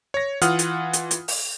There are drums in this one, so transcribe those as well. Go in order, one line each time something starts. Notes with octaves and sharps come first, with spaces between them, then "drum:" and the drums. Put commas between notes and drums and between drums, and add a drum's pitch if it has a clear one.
C#5 A#6
E3 F4 F#5 D#6 F6, drum: hi-hat
drum: hi-hat
drum: hi-hat
drum: hi-hat
drum: open hi-hat